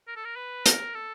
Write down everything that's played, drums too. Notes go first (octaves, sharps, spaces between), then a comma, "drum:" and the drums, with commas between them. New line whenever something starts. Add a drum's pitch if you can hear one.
A#4
A4
A#4
B4
A#4, drum: hi-hat
A4